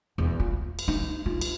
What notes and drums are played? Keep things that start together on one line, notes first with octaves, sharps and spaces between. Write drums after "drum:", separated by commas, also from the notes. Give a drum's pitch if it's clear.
E2
F4
drum: cymbal
D#4
F4
drum: cymbal